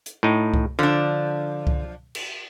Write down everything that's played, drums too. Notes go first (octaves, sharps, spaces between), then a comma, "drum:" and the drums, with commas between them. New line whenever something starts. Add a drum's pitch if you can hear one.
drum: hi-hat
A2 D#4
drum: kick C2
D3 F3 D4
drum: kick C2
drum: cymbal